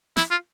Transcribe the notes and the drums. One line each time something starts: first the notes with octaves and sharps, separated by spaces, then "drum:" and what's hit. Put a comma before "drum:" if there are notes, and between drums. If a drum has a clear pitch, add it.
E4, drum: snare
F4